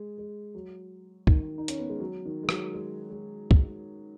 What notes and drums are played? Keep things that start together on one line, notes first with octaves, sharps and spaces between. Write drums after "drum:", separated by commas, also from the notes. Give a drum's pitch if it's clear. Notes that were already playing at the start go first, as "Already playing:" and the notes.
Already playing: G#3
G#3
F#3
D#3, drum: kick
D#4
C#4, drum: hi-hat
B3
G#3
F#3
D#3
G#3
F#3, drum: rim click
G#3
G#3
drum: kick